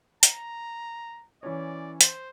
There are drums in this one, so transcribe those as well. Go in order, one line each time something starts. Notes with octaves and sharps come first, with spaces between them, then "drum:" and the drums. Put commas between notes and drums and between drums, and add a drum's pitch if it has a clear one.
A#5, drum: hi-hat
E3 C#4 C#5 D5
C5, drum: hi-hat